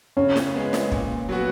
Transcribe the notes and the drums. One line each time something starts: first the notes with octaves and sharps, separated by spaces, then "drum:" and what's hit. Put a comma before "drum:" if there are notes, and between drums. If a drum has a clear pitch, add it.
C#3 C#4
drum: snare
G#3 B3
drum: snare
A#2, drum: kick
F#3 B3 F#4